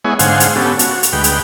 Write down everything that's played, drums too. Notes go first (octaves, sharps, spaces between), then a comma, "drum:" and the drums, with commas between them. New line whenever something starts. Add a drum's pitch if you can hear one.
G#3 B3 E4 C#5 G#5
G#2 D3 C5 F5 F#5 G#5, drum: hi-hat
drum: hi-hat
B3 C#4 G4 A4
F#4, drum: hi-hat
drum: hi-hat
D2 G#3 B4 G5
drum: hi-hat